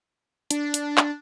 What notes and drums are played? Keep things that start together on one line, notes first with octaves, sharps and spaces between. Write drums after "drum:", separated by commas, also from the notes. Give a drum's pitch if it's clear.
D4, drum: hi-hat
drum: hi-hat
drum: clap